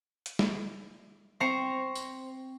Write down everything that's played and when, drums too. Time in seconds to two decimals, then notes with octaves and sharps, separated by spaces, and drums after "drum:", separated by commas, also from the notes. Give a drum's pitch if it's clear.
0.26 drum: hi-hat
0.39 drum: snare
1.40 C4 C5 A#5 C#6
1.95 drum: tambourine